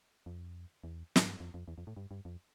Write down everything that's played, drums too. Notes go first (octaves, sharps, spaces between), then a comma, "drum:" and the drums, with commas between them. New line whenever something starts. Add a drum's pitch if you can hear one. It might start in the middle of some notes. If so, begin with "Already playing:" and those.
F2
E2
A2, drum: snare
G2
F2
F2
E2
F2
A2
G2
G2
F2